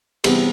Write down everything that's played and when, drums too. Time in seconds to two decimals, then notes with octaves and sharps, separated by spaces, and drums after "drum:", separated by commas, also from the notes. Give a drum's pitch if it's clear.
0.24 E2 C3 G3 B4, drum: cymbal